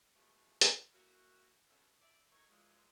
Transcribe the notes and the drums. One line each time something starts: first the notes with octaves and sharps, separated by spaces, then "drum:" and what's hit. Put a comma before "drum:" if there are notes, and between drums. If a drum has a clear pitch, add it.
B2 E3 F3 G#3 A3
drum: hi-hat
A#3 C#4 E4 F#4
B2 D#3 F#3 A3 C#4 E5
D5 E5
F#2 A2 A3 D#4 A#4 C#5
F#2 A#2 E3 F3 G#3